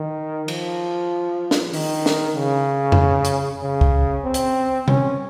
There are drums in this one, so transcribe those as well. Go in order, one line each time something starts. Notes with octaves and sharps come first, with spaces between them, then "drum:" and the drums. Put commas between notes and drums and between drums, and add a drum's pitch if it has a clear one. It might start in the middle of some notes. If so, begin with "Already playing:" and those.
Already playing: D#3
F3, drum: cymbal
drum: snare
D#3, drum: open hi-hat
drum: snare
C#3
drum: tom F2
drum: hi-hat
C#3
drum: kick C#2
C4
drum: hi-hat
C#4, drum: tom C3